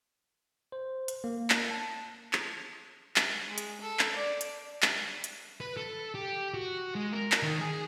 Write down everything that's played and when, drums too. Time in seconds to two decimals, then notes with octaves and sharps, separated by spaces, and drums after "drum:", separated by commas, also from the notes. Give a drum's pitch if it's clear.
0.72 C5
1.08 drum: hi-hat
1.24 A#3
1.50 drum: clap
1.71 A5
2.33 drum: clap
3.16 drum: clap
3.48 G#3
3.58 drum: hi-hat
3.81 A4
3.99 drum: clap
4.16 D5
4.41 drum: hi-hat
4.82 drum: clap
5.24 drum: hi-hat
5.60 B4
5.77 A4
6.15 G4
6.54 F#4
6.95 G#3
7.13 A#4
7.32 drum: clap
7.43 D#3
7.61 G#4